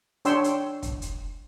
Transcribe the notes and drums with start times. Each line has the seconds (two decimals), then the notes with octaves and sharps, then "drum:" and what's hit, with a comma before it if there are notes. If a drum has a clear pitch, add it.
0.25 D4 C#5 G5 C6 E6, drum: hi-hat
0.44 drum: hi-hat
0.83 drum: kick, hi-hat
1.02 drum: hi-hat